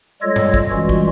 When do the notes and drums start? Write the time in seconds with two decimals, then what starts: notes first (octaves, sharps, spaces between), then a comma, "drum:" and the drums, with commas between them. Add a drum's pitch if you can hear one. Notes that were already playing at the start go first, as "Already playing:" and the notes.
0.22 G3 G#3 F4 A4 C#5 D#5
0.36 drum: tom G2
0.54 drum: kick
0.71 E3 G3 G#3 C#4 F4 F#4
0.89 drum: kick